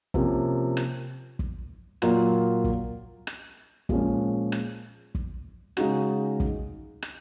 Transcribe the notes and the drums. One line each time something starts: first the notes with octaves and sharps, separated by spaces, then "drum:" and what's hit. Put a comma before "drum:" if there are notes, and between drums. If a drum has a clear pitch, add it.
C3 F3 A#3 C#4, drum: kick
drum: rim click
drum: kick
A#2 F#3 A#3 F4, drum: rim click
drum: kick
drum: rim click
A#2 F3 G#3 C#4, drum: kick
drum: rim click
drum: kick
C#3 G#3 D#4 F#4, drum: rim click
drum: kick
drum: rim click